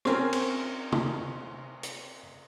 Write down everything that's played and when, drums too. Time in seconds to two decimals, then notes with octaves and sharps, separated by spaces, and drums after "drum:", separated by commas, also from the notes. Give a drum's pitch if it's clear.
0.05 C4 C#4 A#4, drum: rim click
0.33 drum: cymbal
0.92 drum: tom
1.83 drum: hi-hat